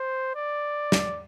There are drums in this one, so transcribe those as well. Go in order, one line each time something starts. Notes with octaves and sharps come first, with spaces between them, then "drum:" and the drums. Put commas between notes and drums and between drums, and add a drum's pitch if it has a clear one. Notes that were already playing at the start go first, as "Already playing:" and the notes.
Already playing: C5
D5
drum: snare